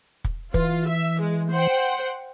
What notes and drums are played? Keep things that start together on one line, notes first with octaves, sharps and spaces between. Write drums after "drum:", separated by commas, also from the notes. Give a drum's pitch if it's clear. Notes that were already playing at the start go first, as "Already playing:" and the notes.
drum: kick
E3 F4, drum: kick
E5
G#3
C5 F#5 G5